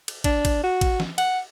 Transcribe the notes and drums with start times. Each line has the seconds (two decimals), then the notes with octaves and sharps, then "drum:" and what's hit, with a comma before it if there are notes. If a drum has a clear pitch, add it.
0.08 drum: cymbal
0.24 D4, drum: kick, cymbal
0.45 drum: kick, cymbal
0.63 F#4
0.81 drum: kick, cymbal
1.00 drum: snare
1.18 F#5, drum: cymbal